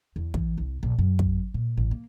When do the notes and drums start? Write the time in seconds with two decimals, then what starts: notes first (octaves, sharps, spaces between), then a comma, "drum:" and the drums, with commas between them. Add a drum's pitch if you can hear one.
0.16 E2
0.34 E3, drum: kick
0.58 C2
0.83 A#1
0.99 F#2
1.19 drum: kick
1.54 A#2
1.77 A1
1.91 A#3